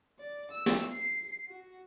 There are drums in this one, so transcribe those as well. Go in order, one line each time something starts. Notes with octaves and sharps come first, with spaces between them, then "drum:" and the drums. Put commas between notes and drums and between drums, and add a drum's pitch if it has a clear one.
D5
E6
drum: snare
C7
F#4